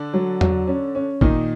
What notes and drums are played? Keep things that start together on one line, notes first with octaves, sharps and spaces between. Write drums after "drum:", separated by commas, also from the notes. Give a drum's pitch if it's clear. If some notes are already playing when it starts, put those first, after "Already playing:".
Already playing: D3 D4
F#3
F#3, drum: tom E2
C#4
C#4
A#2 D#3 D#4, drum: kick